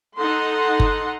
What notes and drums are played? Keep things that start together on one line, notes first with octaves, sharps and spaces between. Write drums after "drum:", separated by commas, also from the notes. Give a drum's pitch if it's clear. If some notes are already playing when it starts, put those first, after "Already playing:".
D#4 A4 F#5 C6
drum: kick G1